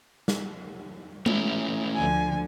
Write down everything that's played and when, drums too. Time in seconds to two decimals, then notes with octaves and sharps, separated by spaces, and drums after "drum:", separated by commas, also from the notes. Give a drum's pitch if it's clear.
0.28 drum: snare
1.26 A3 C#4 E4, drum: tom G#3
1.95 D2 D3 F3 G#5